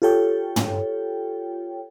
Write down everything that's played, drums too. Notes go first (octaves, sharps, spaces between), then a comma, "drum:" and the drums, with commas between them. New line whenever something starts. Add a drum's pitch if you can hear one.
F4 G4 A4 C#5 G5
drum: tom